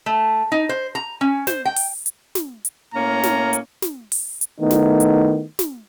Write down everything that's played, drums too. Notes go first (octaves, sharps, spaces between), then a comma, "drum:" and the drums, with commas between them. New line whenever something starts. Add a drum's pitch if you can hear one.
A3
D#4
C5
A#5
C#4
C5, drum: snare
G5
drum: open hi-hat
drum: hi-hat
drum: snare
drum: hi-hat
A2 A#3 C#4 A#5
drum: snare
drum: hi-hat
drum: snare
drum: open hi-hat
drum: hi-hat
D#3 A3 B3 D#4 E4
drum: snare
drum: hi-hat
drum: snare